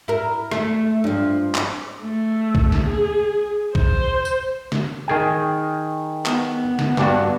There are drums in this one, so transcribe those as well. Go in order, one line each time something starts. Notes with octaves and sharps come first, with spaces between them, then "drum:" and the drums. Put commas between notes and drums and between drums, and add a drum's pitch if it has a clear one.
E4 A#4
A3, drum: rim click
G2 F3
drum: clap
A3
drum: kick A#1
drum: snare
G#4
C5, drum: kick A#1
drum: tambourine
drum: snare
D#3 G#4 G5
B3, drum: clap
drum: snare
G2 D4 F#4, drum: snare